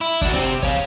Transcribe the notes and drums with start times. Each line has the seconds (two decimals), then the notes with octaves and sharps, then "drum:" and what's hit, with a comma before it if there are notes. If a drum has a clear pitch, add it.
0.01 E4
0.21 D4 F#4, drum: kick
0.34 C4 G4
0.63 C#5 F5, drum: kick